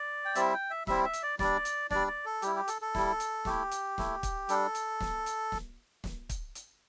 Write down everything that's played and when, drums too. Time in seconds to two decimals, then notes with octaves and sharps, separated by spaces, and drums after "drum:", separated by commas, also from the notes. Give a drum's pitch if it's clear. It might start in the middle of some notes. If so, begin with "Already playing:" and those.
Already playing: D5
0.25 G5
0.35 G3 C4 E4 E5, drum: hi-hat
0.54 G5
0.70 E5
0.87 G3 C4 E4 E5, drum: snare
1.04 E5
1.13 drum: hi-hat
1.23 D5
1.39 G3 D4 D5, drum: snare
1.65 drum: hi-hat
1.91 G3 D4 D5, drum: snare
2.07 D5
2.25 A4
2.42 G3 E4 G4, drum: hi-hat
2.56 G4
2.68 A4, drum: hi-hat
2.82 A4
2.95 G3 E4, drum: snare
3.20 drum: hi-hat
3.45 A3 E4 G4, drum: snare
3.71 drum: hi-hat
3.98 A3 E4, drum: snare
4.23 drum: kick, hi-hat
4.49 G3 D4 A4, drum: hi-hat
4.75 drum: hi-hat
5.00 drum: snare
5.26 drum: hi-hat
5.52 drum: snare
6.04 drum: snare
6.29 drum: kick, hi-hat
6.55 drum: hi-hat